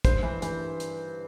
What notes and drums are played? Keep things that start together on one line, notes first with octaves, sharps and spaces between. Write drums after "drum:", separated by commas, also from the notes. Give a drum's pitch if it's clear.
G2 C5, drum: kick, hi-hat
E3
E3, drum: hi-hat
drum: hi-hat